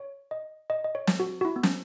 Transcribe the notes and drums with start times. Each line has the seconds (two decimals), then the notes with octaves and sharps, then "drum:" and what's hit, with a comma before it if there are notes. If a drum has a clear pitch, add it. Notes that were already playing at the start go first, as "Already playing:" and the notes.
Already playing: C#5
0.31 D#5
0.70 D#5
0.84 D#5
0.95 C#5
1.07 drum: snare
1.20 F#4
1.41 F#4
1.45 E4
1.56 B3
1.63 C#4, drum: snare